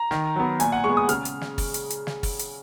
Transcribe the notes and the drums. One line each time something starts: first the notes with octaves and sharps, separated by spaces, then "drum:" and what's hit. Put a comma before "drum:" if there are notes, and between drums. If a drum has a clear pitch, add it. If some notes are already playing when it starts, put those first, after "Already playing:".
Already playing: A#5
D#3, drum: snare
F#3 B3
A#2 G#5, drum: hi-hat
F#5
G#3 B3 C#6
D#6
C#3 F6, drum: hi-hat
drum: hi-hat
drum: snare
drum: kick, open hi-hat
drum: hi-hat
drum: hi-hat
drum: snare
drum: kick, open hi-hat
drum: hi-hat